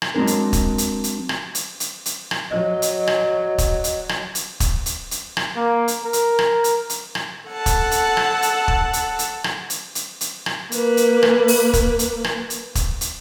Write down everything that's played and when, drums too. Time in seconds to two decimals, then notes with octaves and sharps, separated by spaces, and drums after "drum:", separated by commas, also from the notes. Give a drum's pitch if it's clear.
0.02 drum: rim click
0.14 F#3 G#3 C4 D4 A#4
0.27 drum: hi-hat
0.53 drum: kick, hi-hat
0.78 drum: hi-hat
1.04 drum: hi-hat
1.29 drum: rim click
1.55 drum: hi-hat
1.80 drum: hi-hat
2.06 drum: hi-hat
2.31 drum: rim click
2.50 F#3 D#5
2.82 drum: hi-hat
3.07 drum: rim click
3.58 drum: kick, hi-hat
3.84 drum: hi-hat
4.09 drum: rim click
4.35 drum: hi-hat
4.60 drum: kick, hi-hat
4.86 drum: hi-hat
5.11 drum: hi-hat
5.37 drum: rim click
5.56 A#3
5.88 drum: hi-hat
6.04 A#4
6.13 drum: hi-hat
6.39 drum: rim click
6.64 drum: hi-hat
6.90 drum: hi-hat
7.15 drum: rim click
7.49 A4 F#5 A5
7.66 drum: kick, hi-hat
7.91 drum: hi-hat
8.17 drum: rim click
8.42 drum: hi-hat
8.68 drum: kick
8.93 drum: hi-hat
9.19 drum: hi-hat
9.44 drum: rim click
9.70 drum: hi-hat
9.95 drum: hi-hat
10.21 drum: hi-hat
10.46 drum: rim click
10.72 A#3 B4, drum: hi-hat
10.97 drum: hi-hat
11.23 drum: rim click
11.48 drum: open hi-hat
11.73 drum: kick, hi-hat
11.99 drum: hi-hat
12.24 drum: rim click
12.50 drum: hi-hat
12.75 drum: kick, hi-hat
13.01 drum: hi-hat